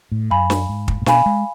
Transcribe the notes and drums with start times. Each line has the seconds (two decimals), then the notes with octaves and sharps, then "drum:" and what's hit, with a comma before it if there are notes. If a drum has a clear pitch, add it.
0.12 A2
0.31 F#2 F5 G#5 B5
0.50 drum: snare
0.69 G#2
0.88 drum: kick
1.02 A2
1.06 B2 F5 G#5 B5, drum: snare
1.26 G#3